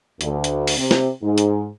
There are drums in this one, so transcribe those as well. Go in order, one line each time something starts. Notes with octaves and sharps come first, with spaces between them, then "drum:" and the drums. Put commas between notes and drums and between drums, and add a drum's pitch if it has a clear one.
D2, drum: hi-hat
drum: hi-hat
drum: open hi-hat
C3
drum: snare
G#2
drum: hi-hat